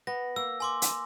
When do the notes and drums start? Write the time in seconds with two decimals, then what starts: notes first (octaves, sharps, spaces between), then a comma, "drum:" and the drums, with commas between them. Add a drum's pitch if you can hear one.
0.07 B3 A#6
0.36 A#3 E6
0.60 G#5 C6 D6
0.82 drum: hi-hat